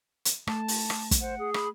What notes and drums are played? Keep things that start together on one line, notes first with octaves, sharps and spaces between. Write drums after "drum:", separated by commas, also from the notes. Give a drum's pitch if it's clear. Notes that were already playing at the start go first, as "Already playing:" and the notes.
drum: hi-hat
A3 A5, drum: rim click
drum: open hi-hat
drum: rim click
drum: kick, hi-hat
C5 F#5
G#4
B5, drum: rim click